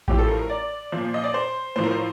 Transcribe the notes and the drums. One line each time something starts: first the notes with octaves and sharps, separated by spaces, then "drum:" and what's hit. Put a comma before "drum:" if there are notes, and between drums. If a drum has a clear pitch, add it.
A2 F3 G4, drum: kick A1
A4
A#4
A#4
D5
A#2 F3
D#5
D5
C5
A2 F3 C5
A#4
C5